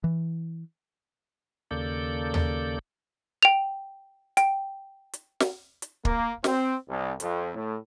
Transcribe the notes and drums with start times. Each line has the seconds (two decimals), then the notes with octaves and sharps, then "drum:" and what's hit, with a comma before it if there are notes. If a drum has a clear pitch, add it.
0.04 E3
1.71 D#2 C#3 A#3 A4 D5 G6
2.34 drum: tom D#2
3.43 G5 F7
4.37 G5, drum: hi-hat
5.13 drum: hi-hat
5.40 drum: snare
5.82 drum: hi-hat
6.05 A#3, drum: kick
6.44 C4, drum: snare
6.89 C2
7.20 F2, drum: hi-hat
7.54 A2